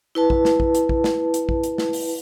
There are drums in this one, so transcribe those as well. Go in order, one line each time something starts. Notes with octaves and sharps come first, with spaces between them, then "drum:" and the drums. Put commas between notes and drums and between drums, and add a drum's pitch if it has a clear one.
E4 B4 A5
drum: kick
drum: snare
drum: kick
drum: hi-hat
drum: kick
drum: snare
drum: hi-hat
drum: kick
drum: hi-hat
drum: snare
drum: open hi-hat